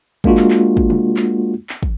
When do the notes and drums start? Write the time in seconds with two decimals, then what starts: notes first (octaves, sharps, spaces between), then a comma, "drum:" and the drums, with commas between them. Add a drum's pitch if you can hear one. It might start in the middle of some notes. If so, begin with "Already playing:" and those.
0.24 G#3 A#3 D4 F4 F#4, drum: kick
0.37 drum: clap
0.50 drum: clap
0.77 drum: kick
0.90 drum: tom C3
1.16 drum: clap
1.69 drum: clap
1.83 drum: kick